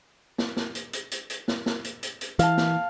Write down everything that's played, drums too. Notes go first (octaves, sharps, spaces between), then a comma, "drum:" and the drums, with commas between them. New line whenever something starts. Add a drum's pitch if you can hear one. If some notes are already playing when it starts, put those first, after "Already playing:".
drum: snare
drum: snare
drum: hi-hat
drum: hi-hat
drum: hi-hat
drum: hi-hat
drum: snare
drum: snare
drum: hi-hat
drum: hi-hat
drum: hi-hat
E3 F5 A5, drum: hi-hat
drum: snare